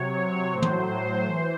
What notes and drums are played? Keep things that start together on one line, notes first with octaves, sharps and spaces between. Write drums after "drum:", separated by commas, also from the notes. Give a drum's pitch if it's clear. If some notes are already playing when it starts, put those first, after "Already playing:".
Already playing: C3 F#3 C#5
A2 F#3 C5
drum: tom
E3